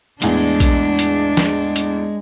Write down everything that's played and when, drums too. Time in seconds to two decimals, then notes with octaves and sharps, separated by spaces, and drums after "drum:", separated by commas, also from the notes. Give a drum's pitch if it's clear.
0.22 E2 A2 G#3 D4 G#4, drum: hi-hat
0.60 drum: kick A#1, hi-hat
0.99 drum: hi-hat
1.37 drum: snare
1.76 drum: hi-hat